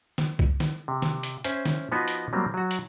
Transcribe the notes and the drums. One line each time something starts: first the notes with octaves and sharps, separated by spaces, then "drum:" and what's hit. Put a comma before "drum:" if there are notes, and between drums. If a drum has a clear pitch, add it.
drum: snare
drum: kick
drum: snare
C3
drum: snare
drum: hi-hat
C#4 C5 E5 G#5, drum: hi-hat
drum: snare
F3 B3 D#4 F#4 B4
drum: hi-hat
F#3 G3 A#3 C4
F#3 F#4
drum: hi-hat